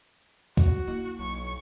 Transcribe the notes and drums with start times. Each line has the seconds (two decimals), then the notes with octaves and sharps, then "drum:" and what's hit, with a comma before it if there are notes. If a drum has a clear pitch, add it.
0.57 F#4, drum: kick
0.87 A#3 E4
1.19 B1 C#6